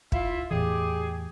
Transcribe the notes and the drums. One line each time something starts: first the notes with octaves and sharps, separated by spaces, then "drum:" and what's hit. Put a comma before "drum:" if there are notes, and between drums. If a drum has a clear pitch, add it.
E4 F4 E5, drum: kick
E2 A2 E3 G4 G#4 D5